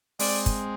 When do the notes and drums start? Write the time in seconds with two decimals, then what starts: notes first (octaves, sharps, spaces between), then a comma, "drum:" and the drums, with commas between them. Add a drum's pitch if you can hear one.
0.19 G#3 C4 D5, drum: open hi-hat
0.46 drum: kick, hi-hat